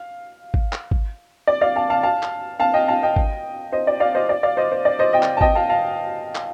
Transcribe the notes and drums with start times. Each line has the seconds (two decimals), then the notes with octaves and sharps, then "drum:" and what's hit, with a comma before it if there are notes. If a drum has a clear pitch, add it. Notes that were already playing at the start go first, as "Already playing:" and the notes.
Already playing: F5
0.54 drum: kick G#1
0.73 drum: clap
0.91 drum: kick G#1
1.47 D5
1.61 D5 F5
1.76 F5 A5
1.90 F5 A5
2.03 F5 A5
2.23 drum: clap
2.60 F5 A5
2.74 D#5 G5
2.88 F5 A5
3.03 D#5 G5
3.16 drum: kick G#1
3.72 C5 D#5
3.87 D5
4.00 D5 F5
4.15 C5 D#5
4.29 D5
4.43 D5 F5
4.57 C5 D#5
4.72 C5
4.85 D5
4.99 C5 D#5
5.13 D#5 G5
5.23 drum: clap
5.37 A5
5.41 D#5 G5, drum: kick G#1
5.55 F5 A5
5.69 F5 A5
6.35 drum: clap